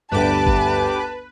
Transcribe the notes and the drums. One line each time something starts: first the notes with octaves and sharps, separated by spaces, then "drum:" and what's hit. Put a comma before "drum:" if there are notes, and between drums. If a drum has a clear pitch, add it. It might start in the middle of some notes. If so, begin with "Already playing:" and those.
G1 D2 D4 G4 B4 A5 D6
drum: kick G1